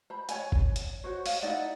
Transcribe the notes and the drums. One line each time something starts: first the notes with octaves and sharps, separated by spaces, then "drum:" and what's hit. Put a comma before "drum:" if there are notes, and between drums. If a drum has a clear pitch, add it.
C5 B5
C#5 G#5, drum: hi-hat
drum: kick
drum: hi-hat
F#4 C5 C#5
F5, drum: open hi-hat
D#4 E4 D5 F#5